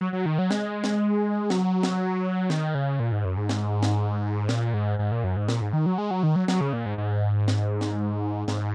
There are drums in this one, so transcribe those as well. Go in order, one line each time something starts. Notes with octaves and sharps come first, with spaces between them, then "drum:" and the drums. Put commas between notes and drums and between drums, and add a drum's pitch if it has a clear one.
F#3
F#3
D#3
F#3
G#3, drum: snare
drum: snare
F#3, drum: snare
drum: snare
D#3, drum: snare
C#3
A#2
G#2
F#2
G#2
drum: snare
drum: snare
A#2, drum: snare
G#2
G#2
A#2
F#2
G#2
A#2, drum: snare
G#2
D#3
F#3
G#3
F#3
D#3
F#3
F#3, drum: snare
C#3
A#2
G#2
G#2
drum: snare
drum: snare
G#2, drum: snare